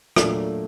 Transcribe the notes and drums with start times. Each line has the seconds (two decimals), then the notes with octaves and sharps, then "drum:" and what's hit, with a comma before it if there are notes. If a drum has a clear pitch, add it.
0.16 A#2 F#3 A3 D4, drum: rim click